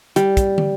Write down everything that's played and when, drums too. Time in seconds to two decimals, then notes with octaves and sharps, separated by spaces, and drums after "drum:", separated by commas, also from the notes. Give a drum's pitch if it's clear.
0.16 G3, drum: hi-hat
0.37 drum: kick, hi-hat
0.58 drum: tom